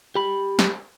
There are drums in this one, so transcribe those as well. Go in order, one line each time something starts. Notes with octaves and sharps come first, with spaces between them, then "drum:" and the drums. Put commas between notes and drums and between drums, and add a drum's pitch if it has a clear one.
G4 B5
drum: snare